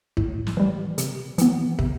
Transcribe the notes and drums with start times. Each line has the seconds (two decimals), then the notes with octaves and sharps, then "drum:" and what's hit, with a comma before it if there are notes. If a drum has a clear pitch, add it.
0.17 A2, drum: kick
0.47 drum: snare
0.57 E3 G3
0.98 C3, drum: hi-hat
1.38 E3 B3, drum: hi-hat
1.79 C3, drum: kick